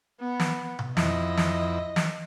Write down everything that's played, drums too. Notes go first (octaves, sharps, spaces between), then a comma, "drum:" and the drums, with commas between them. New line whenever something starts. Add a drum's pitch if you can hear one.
B3
drum: snare
drum: tom B2
F2 E4 D#5, drum: snare
drum: snare
drum: snare